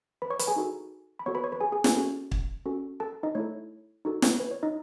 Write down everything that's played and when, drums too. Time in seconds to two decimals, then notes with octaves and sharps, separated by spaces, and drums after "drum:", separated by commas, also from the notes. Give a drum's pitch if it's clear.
0.22 B4 B5
0.30 C#5 C#6
0.39 B4 B5, drum: hi-hat
0.48 G#4 G#5
0.56 D#4 F#4 A4
1.19 B5
1.26 B3 F#4 A4 C#5 C#6
1.35 B4 B5
1.44 C#5 C#6
1.52 B4 B5
1.61 G#4 G#5
1.72 G#4 G#5
1.84 G#4 G#5, drum: snare
1.96 C#4 F#4 A4
2.32 drum: kick
2.66 C#4 F#4 A4
3.00 A4 A5
3.23 D#4 D#5
3.35 A3 E4 A4 C#5
4.05 D#4 F#4 A4
4.22 drum: snare
4.40 B4
4.51 C#5
4.63 D#4 D#5